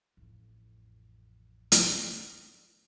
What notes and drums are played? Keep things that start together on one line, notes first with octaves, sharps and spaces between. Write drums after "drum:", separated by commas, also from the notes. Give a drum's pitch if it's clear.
A1 F2
drum: hi-hat